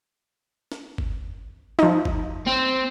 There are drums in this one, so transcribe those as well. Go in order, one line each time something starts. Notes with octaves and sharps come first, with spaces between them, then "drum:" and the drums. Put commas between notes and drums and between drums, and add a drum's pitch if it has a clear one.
drum: snare
drum: kick G1
F3 D#4, drum: snare
drum: kick G1
C4